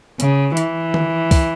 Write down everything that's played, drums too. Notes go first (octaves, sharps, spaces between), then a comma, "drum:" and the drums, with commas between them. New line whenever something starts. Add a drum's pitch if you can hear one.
C#3, drum: hi-hat
E3, drum: hi-hat
drum: tom D#3
drum: kick C2, open hi-hat